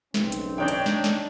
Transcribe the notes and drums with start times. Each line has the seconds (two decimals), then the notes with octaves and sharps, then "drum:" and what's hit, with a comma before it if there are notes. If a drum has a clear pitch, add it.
0.14 F#1 B1 C4, drum: snare
0.32 drum: hi-hat
0.58 D4 D#4 C#5 G5 G6 A#6
0.68 drum: hi-hat
0.86 drum: snare
1.04 drum: snare